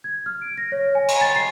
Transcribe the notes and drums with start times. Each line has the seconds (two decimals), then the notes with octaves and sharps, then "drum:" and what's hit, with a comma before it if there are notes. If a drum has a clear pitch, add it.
0.04 G#6
0.26 F6
0.42 D7
0.58 A#6
0.72 C#5
0.95 G#5
1.08 drum: cymbal
1.21 A6
1.36 C7